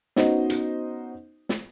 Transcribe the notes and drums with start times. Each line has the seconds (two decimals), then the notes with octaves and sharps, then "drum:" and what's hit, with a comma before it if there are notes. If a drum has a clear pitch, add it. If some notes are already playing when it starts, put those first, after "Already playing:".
0.16 B3 C#4 D#4 F#4 C5 D#5, drum: snare
0.50 drum: hi-hat
1.49 drum: snare